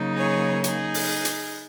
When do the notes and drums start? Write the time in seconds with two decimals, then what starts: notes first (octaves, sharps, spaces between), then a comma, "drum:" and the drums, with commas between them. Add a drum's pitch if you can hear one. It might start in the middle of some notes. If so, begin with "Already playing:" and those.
Already playing: C#3 F#3 A#3 D#4
0.17 G#4 C#5
0.64 D#4 G#4, drum: hi-hat
0.94 drum: open hi-hat
1.25 drum: hi-hat